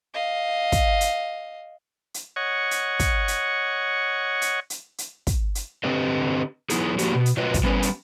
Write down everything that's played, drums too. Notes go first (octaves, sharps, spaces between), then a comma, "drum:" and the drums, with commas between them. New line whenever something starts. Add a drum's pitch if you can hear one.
D#5 F5
drum: kick, hi-hat
drum: hi-hat
drum: hi-hat
C#5 D#5 F#5 C#6
drum: hi-hat
drum: kick, hi-hat
drum: hi-hat
drum: hi-hat
drum: hi-hat
drum: hi-hat
drum: kick, hi-hat
drum: hi-hat
D3 C4 G4 B4 D#5
F#3 B3 D#4 E4 G#4, drum: hi-hat
F3 A#3 D4 F#4 G4, drum: hi-hat
B2
drum: hi-hat
B2 F#3 F4 B4 D#5
drum: kick, hi-hat
G3 B3 C#4 B4
drum: hi-hat